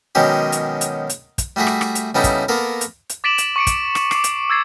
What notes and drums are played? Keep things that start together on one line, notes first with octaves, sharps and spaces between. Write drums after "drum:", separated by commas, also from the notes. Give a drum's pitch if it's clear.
B2 D#3 F#3 G#3 C#4 G4
drum: hi-hat
drum: hi-hat
drum: hi-hat
drum: kick, hi-hat
G3 A3 F#4 G#4 E5
drum: rim click
drum: rim click
drum: hi-hat
C#3 G3 B3 D#4 E4 A4
drum: kick, hi-hat
A#3 B3 A4 A#4
drum: hi-hat
drum: hi-hat
D6 A6 B6 D7 E7 F#7
drum: hi-hat
C#6 C#7 D7
drum: kick, hi-hat
drum: rim click
D6 C7, drum: rim click
drum: hi-hat
E6 G#6 A6 C7